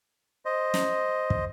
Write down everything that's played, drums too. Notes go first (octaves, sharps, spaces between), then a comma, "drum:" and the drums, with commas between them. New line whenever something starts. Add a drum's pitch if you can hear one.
C5 D#5
drum: snare
drum: kick